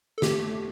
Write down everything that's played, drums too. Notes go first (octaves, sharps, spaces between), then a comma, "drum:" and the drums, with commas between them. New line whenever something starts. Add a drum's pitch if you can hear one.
A4
A3 G4, drum: snare